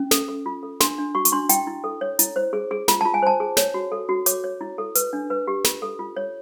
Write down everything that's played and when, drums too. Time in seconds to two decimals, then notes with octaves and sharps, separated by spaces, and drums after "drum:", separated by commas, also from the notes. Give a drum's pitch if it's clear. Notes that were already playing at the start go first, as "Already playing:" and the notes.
Already playing: C#4
0.11 A4, drum: snare
0.28 A4
0.46 F4
0.63 A4
0.80 D4 C6, drum: snare
0.98 D4
1.15 F#4 C#6
1.25 C#6, drum: hi-hat
1.32 D4 C6
1.49 E4 G5, drum: hi-hat
1.67 E4
1.84 A4
2.01 C#5
2.19 E4, drum: hi-hat
2.36 C5
2.53 G#4
2.71 G#4
2.88 F4 A#5, drum: snare
3.01 F4 A5
3.14 G#5
3.22 C5 A5
3.40 G#4
3.57 C#5, drum: snare
3.74 F#4
3.92 A4
4.09 F#4
4.26 C#5 D6, drum: hi-hat
4.44 C#5
4.61 E4
4.78 A4
4.95 B4, drum: hi-hat
5.13 D4
5.30 B4
5.47 G4
5.64 F4, drum: snare
5.82 A4
5.99 F4
6.16 C#5